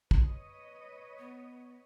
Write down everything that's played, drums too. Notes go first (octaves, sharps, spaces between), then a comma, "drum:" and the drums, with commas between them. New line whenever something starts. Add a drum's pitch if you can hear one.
B4 C#5 D#5, drum: kick
B3